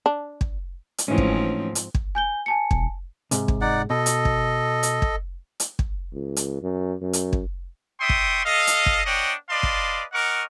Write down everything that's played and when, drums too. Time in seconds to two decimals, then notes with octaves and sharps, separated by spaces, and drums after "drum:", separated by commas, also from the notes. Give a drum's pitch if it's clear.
0.06 D4
0.41 drum: kick
0.98 drum: hi-hat
1.08 G#2 E3 F3 A3 C4 C#4 D#4
1.18 drum: kick
1.75 drum: hi-hat
1.94 drum: kick
2.15 G#5 G6 G7
2.46 G#5 A5 C#7
2.71 E1, drum: kick
3.31 G#2 C3, drum: hi-hat
3.48 drum: kick
3.61 D#4 D5 F#5
3.90 B2 A4 D#5
4.06 drum: hi-hat
4.25 drum: kick
4.83 drum: hi-hat
5.02 drum: kick
5.60 drum: hi-hat
5.79 drum: kick
6.13 C#2
6.36 drum: hi-hat
6.62 F#2
7.01 F#2
7.13 drum: hi-hat
7.33 drum: kick
8.00 D5 E5 G5 C6 C#6 D#6
8.09 drum: kick
8.45 A4 D#5 F5
8.67 drum: hi-hat
8.86 drum: kick
9.06 B3 D4 C#5 D#5 F#5 G5
9.49 B4 D5 D#5 F5 A5 C6
9.63 drum: kick
10.13 C#4 A#4 D#5 F#5 C#6 D6